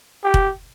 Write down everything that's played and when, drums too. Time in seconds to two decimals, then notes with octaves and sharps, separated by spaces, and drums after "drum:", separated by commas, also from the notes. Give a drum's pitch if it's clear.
0.24 G4
0.34 drum: kick F1